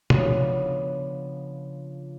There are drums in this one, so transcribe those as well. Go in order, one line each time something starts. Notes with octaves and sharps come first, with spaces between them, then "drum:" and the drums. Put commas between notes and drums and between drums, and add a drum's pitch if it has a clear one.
C#3 F3 B3 D4, drum: tom